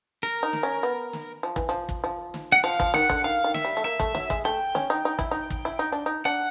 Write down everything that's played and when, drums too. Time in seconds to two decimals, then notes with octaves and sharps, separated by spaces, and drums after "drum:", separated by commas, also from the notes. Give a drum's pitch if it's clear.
0.23 A#4
0.43 D#4
0.53 drum: snare
0.63 C#4
0.83 B3
1.13 drum: snare
1.43 F3
1.56 E3, drum: kick
1.69 F3
1.89 drum: kick
2.04 F3
2.34 drum: snare
2.52 F#5
2.64 F3 F5
2.80 F3, drum: kick
2.94 D#3 F#5, drum: snare
3.10 D3, drum: kick
3.24 D#3 F5
3.44 D#3
3.54 E5, drum: snare
3.65 G3
3.77 A3
3.84 A#3 E5
4.00 A3, drum: kick
4.15 F#3, drum: snare
4.30 G#3, drum: kick
4.45 A3 G5
4.75 C#4, drum: snare
4.90 D#4
5.05 D#4
5.19 E4, drum: kick
5.31 D#4
5.50 drum: kick
5.65 E4
5.79 D#4
5.92 D4
6.06 D#4
6.25 D4 F#5